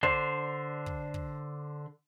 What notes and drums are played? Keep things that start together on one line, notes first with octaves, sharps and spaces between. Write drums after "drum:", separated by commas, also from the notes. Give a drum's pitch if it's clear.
D3 D4 C5, drum: kick
drum: kick
drum: kick